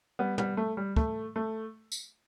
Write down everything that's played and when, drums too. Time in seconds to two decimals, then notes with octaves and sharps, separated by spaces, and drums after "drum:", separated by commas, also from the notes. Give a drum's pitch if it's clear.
0.19 G3 B3
0.38 G3 B3, drum: tom
0.57 A3
0.77 G3
0.96 A3, drum: kick
1.36 A3
1.92 drum: tambourine